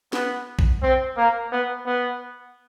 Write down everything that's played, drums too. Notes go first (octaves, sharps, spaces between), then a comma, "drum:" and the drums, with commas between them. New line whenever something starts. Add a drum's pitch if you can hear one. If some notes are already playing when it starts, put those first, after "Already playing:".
B3, drum: snare
drum: kick A#1
C4
A#3
B3
B3